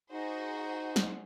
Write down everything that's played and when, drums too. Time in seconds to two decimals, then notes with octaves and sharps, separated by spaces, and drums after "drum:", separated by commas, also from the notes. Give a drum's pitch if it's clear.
0.12 D#4 F#4 G#4 C5
0.96 drum: snare